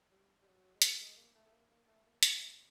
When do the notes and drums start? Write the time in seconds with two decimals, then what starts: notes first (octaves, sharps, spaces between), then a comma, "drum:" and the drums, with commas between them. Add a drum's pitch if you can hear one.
0.11 G3
0.41 G3
0.46 F#3
0.75 G#3
0.82 G3, drum: hi-hat
1.00 G#3
1.17 A#3
1.35 A3
1.46 A3
1.52 A#3
1.70 A#3
1.87 A3
2.05 A#3
2.23 A3, drum: hi-hat